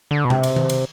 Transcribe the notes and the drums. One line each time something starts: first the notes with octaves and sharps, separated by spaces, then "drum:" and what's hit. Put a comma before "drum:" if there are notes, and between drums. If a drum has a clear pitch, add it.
D3
B2
C3, drum: tom B2
drum: cymbal
drum: tom D#3
drum: cymbal